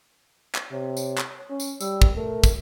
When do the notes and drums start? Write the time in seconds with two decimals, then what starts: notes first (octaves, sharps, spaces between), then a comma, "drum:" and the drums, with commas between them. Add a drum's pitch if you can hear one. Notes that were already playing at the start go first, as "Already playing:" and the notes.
0.55 drum: clap
0.72 C3 C#5
0.97 drum: tambourine
1.18 drum: clap
1.50 C#4
1.60 drum: tambourine
1.81 G3 E6, drum: tambourine
2.02 drum: kick
2.16 A3 A#4
2.44 drum: kick, tambourine